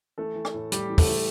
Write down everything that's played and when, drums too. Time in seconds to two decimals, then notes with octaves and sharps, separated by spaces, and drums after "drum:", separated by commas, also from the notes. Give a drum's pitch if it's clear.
0.18 E3 A3 A4
0.35 E3
0.45 drum: rim click
0.54 A2
0.72 A2 G3 G4, drum: hi-hat
0.90 E3
0.98 A3 A4, drum: kick, open hi-hat
1.07 E3